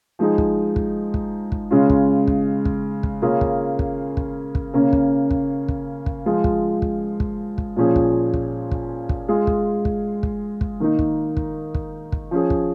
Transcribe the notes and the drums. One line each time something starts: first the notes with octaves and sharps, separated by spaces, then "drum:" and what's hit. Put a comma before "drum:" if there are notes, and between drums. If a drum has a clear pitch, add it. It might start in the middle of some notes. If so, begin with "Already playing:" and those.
F3 G#3 D#4 G#4
drum: kick
drum: kick
drum: kick
drum: kick
C#3 G#3 C#4 F4
drum: kick
drum: kick
drum: kick
drum: kick
C#3 A#3 C#4 F4 G#4
drum: kick
drum: kick
drum: kick
drum: kick
C#3 A#3 C#4
drum: kick
drum: kick
drum: kick
drum: kick
F3 G#3 F4 G#4
drum: kick
drum: kick
drum: kick
drum: kick
A#2 F3 C#4 G#4
drum: kick
drum: kick
drum: kick
drum: kick
G#3 F4 G#4
drum: kick
drum: kick
drum: kick
drum: kick
D#3 A#3 D#4
drum: kick
drum: kick
drum: kick
drum: kick
F3 C#4 G#4
drum: kick